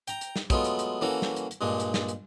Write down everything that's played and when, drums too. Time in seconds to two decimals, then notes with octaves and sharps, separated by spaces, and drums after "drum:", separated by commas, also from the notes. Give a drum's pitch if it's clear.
0.08 G5 A#5, drum: hi-hat
0.21 drum: hi-hat
0.36 drum: snare
0.50 F#3 G#3 A3 B3 F4, drum: kick, hi-hat
0.64 drum: hi-hat
0.79 drum: hi-hat
1.01 E3 A#3 C#4 F#4 A4
1.22 drum: snare
1.36 drum: hi-hat
1.51 drum: hi-hat
1.61 G2 A#2 G#3 D4
1.80 drum: hi-hat
1.94 drum: snare
2.08 drum: hi-hat